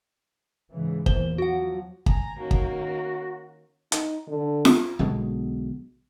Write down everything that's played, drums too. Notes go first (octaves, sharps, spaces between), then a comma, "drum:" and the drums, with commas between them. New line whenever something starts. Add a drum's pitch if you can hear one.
G#2 C#3 E3
E2 A#2 E3 C5 G7, drum: kick
F3 F#3 F#4 F#5
G#5 A#5, drum: kick
D#3 A#3 C#4 F#4
drum: kick
D#4, drum: hi-hat
D3
drum: snare F4
B1 B2 D3 G#3